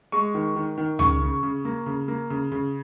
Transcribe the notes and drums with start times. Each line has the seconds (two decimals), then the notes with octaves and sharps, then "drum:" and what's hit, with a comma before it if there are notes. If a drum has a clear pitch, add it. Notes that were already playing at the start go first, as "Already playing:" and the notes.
0.12 G#3 C#6
0.34 D#3
0.56 D#3
0.78 D#3
0.99 C#3 C#6, drum: tom C#2
1.21 C#3
1.43 C#3
1.65 A#3
1.86 C#3
2.08 A#3
2.30 C#3
2.52 C#3